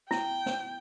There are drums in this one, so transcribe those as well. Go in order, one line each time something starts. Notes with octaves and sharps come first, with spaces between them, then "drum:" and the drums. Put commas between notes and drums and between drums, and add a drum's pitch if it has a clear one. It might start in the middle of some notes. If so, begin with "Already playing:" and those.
E4 G5, drum: snare
drum: snare